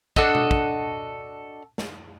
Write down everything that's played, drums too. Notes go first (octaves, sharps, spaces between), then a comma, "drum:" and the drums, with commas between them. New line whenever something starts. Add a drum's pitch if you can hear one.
D4 F#4 A4 D#5, drum: kick
drum: tom B2
drum: kick
drum: snare